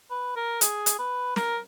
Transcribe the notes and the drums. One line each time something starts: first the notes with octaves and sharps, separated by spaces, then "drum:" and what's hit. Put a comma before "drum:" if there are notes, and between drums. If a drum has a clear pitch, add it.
B4
A#4
G#4, drum: hi-hat
drum: hi-hat
B4
A#4, drum: snare